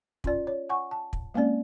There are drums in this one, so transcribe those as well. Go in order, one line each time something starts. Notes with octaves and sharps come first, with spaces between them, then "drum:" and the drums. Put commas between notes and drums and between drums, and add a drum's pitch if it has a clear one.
C#4 F4 D5, drum: kick
C#5
F#5 G#5 C#6
A5
drum: kick
G#3 A#3 C4 C#4 D5